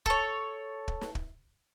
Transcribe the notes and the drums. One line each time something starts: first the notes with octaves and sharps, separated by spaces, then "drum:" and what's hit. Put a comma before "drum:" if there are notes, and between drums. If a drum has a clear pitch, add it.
A4 C#5, drum: kick
drum: kick
drum: snare
drum: kick